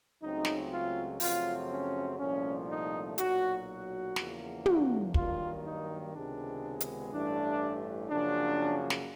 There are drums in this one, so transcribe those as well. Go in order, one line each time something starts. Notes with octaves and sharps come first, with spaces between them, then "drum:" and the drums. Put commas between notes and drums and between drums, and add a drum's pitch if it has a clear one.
C#2 C#3 F#3 A3 C4 D#4
drum: snare
F4
F#2 C#3 F3 A3 C4 F4, drum: open hi-hat
C#4
C2 A#2 F3 A3 C#4
D#4
B1 A#2 F#3 F#4, drum: hi-hat
F#4
E2 C#3 F3 A#3, drum: snare
F#4, drum: tom
G2 D#3 F#3 A#3 F4, drum: kick
D#4
C#2 C3 D#3 G#3 B3 D4
drum: hi-hat
A1 G2 E3 A3 D4
F#2 C#3 F3 A#3 D4
drum: snare